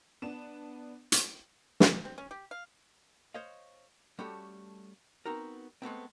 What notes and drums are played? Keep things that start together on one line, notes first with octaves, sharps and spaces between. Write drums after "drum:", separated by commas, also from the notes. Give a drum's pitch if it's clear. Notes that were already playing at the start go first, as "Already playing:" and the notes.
B3 D4 E7
drum: hi-hat
drum: snare
C4
C#4
G4
F5
C5 C#5 D#5 F5
G3 A3 C#4 F#4 G4 A4
B3 C4 D#4 F#4 A#4
G#3 A3 B3 C4